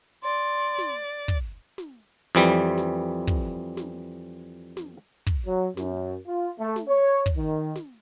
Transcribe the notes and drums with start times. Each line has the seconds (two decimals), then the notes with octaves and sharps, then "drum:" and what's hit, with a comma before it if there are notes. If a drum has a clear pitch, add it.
0.23 D5 C6
0.78 drum: snare
1.28 drum: kick
1.78 drum: snare
2.35 F2 E3 G3
2.78 drum: snare
3.27 drum: kick
3.77 drum: snare
4.77 drum: snare
5.27 drum: kick
5.47 F#3
5.77 F#2, drum: snare
6.27 F4
6.59 A3
6.76 drum: snare
6.88 C#5
7.26 drum: kick
7.36 D#3
7.76 drum: snare